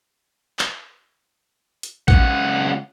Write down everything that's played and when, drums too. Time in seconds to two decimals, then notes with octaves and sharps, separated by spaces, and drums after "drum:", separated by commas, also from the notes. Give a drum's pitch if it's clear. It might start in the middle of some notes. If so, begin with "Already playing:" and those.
0.59 drum: clap
1.83 drum: hi-hat
2.08 C#2 F#5, drum: kick A#1